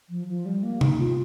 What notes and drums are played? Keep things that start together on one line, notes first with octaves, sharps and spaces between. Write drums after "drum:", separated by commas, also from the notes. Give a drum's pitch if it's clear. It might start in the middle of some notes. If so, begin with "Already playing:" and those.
F3
F3
G3
A#3
D#4, drum: tom C3
F4